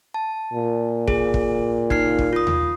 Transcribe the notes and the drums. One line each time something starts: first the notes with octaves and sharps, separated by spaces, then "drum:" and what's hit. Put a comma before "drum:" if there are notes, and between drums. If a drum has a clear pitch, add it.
A5
A#2
G#4, drum: kick
drum: kick
D#4 F6 C7, drum: kick
drum: kick
F4 D#6
drum: tom D#2